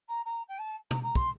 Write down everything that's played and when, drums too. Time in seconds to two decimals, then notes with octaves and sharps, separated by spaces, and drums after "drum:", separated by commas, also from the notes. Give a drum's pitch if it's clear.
0.09 A#5
0.25 A#5
0.48 G5
0.58 A5
0.91 A#5, drum: tom B2
1.03 A#5
1.15 C6, drum: kick